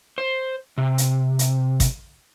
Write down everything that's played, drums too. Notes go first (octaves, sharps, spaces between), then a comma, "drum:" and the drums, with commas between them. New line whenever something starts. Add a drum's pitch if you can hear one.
C5
C3
drum: hi-hat
drum: hi-hat
drum: kick, hi-hat